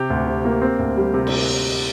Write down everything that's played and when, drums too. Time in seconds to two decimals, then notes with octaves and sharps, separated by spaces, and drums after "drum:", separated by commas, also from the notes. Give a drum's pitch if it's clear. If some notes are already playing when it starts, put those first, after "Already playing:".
Already playing: C3 G4
0.10 D2
0.26 C3
0.45 A#3
0.62 C4
0.79 D2
0.97 G3
1.14 C3
1.27 drum: cymbal